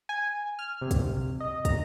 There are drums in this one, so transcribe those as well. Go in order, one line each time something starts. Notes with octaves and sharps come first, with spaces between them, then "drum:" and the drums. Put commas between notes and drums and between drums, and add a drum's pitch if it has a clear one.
G#5
F6
C3
drum: kick, hi-hat
D#5
A#5, drum: kick, hi-hat